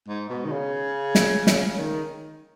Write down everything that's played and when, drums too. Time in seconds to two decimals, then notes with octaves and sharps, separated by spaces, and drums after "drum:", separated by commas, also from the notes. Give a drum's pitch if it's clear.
0.08 G#2
0.29 B2
0.45 D#3
0.51 C#3
1.15 drum: snare
1.47 drum: snare
1.79 D#3